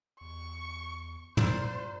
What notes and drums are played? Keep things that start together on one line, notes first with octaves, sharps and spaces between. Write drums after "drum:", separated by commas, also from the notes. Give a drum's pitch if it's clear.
E2 C#6
G2 A#2 C5, drum: tom